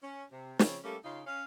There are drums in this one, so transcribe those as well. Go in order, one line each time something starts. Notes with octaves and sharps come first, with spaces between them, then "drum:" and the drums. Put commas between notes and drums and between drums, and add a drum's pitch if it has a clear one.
C#4
C3
C#3 F3 C4 C#4, drum: snare
G3 A3 A#3 C#4 G4 A4
C#3 D#4 F4
C#4 F5